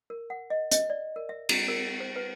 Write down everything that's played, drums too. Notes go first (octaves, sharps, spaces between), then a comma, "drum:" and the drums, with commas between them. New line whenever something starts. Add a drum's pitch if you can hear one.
A#4
F#5
D#5
D#5, drum: hi-hat
D5
A#4
E5
E4, drum: cymbal
A#4
C5
B4